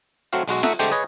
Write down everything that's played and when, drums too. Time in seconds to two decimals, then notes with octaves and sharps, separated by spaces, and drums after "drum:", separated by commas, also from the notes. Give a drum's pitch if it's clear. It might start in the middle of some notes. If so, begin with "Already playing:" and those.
0.33 F#3 A3 C4 F#4 F5
0.48 B1 G#3 F#4, drum: open hi-hat
0.63 A3 D#4 D#5 E5 F#5, drum: snare F4
0.79 D3 G#3 A3 C4 G4 C5, drum: hi-hat
0.91 G#4 B4 C#5 D#5